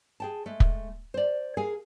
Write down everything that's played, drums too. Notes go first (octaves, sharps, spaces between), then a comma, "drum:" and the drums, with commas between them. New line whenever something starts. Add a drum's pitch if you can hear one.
G#4 G5 A5
G#3 A3
drum: kick
C5 D5
G#4 A#4 F5 G#5